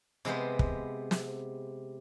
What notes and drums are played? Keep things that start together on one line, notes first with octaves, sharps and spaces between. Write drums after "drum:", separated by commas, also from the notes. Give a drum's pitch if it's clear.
C3 G#3 B3 C5
drum: kick
drum: snare